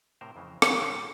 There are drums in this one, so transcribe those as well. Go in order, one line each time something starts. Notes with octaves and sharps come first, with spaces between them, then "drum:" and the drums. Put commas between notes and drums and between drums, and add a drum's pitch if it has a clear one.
A2 C3 A#4 C5
F2 C#3 E3
D3 D#3 F3 G3 B3, drum: rim click
B2 A3 A#3 G4 G#4
A#2 G3